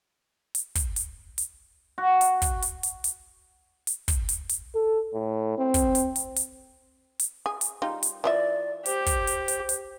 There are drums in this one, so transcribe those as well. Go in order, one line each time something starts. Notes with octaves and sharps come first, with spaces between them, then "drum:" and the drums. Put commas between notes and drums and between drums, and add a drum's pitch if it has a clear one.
drum: hi-hat
drum: kick, hi-hat
drum: hi-hat
drum: hi-hat
F#4
drum: hi-hat
drum: kick, hi-hat
drum: hi-hat
drum: hi-hat
drum: hi-hat
drum: hi-hat
drum: kick, hi-hat
drum: hi-hat
drum: hi-hat
A4
A2
C4
drum: kick, hi-hat
drum: hi-hat
drum: hi-hat
drum: hi-hat
drum: hi-hat
G#4
drum: hi-hat
G3 D#4 F4
drum: hi-hat
E3 F4 D5 E5
G4 C5, drum: hi-hat
drum: kick, hi-hat
drum: hi-hat
drum: hi-hat
drum: hi-hat